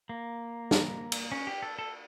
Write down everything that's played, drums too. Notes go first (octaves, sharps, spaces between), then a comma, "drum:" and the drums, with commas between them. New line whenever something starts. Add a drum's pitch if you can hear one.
A#3
drum: snare
drum: cymbal
C#4
G4
A4
A4